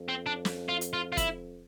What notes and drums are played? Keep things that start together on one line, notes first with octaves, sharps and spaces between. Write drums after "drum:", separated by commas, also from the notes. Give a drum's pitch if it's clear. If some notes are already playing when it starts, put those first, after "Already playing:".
Already playing: F2
C4
D4
drum: snare
F4
drum: hi-hat
F4
F4
E4, drum: kick, hi-hat